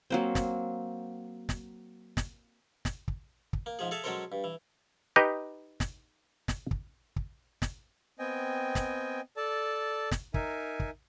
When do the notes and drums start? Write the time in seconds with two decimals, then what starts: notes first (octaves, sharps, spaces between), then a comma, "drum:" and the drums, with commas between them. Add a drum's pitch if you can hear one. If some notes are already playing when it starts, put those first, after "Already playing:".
0.10 F#3 A#3 C4
0.35 drum: snare
1.49 drum: snare
2.17 drum: snare
2.85 drum: snare
3.08 drum: kick
3.53 drum: kick
3.66 A#3
3.79 G#2 F3 G#4
3.91 G#4 A4 E5 F5
4.04 F#3 G#3 C#4 A4 A#4 C5
4.32 G2
4.44 E3
5.16 D#4 G4 B4 D#5
5.80 drum: snare
6.48 drum: snare
6.71 drum: kick
7.16 drum: kick
7.62 drum: snare
8.19 B3 C4 D#5 G5 G#5
8.75 drum: snare
9.37 A4 D5 A5
10.11 drum: snare
10.34 D#4 A#4 E5 G#5, drum: kick
10.80 drum: kick